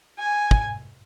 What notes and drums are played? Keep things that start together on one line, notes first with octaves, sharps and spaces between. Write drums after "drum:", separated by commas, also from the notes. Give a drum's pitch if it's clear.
G#5
drum: kick